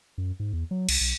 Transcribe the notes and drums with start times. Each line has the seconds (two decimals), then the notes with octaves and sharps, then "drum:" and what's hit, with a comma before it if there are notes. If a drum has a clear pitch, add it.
0.18 F#2
0.40 G#2
0.53 E2
0.71 F#3
0.89 C2, drum: cymbal
1.01 B1